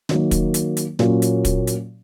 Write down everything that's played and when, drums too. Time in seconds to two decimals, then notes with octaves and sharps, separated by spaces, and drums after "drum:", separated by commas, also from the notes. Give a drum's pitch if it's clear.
0.09 D#3 F#3 A#3, drum: snare
0.31 drum: kick, hi-hat
0.54 drum: hi-hat
0.77 drum: hi-hat
0.99 A#2 F#3 A#3 C#4 F4, drum: snare
1.22 drum: hi-hat
1.45 drum: kick, hi-hat
1.67 drum: hi-hat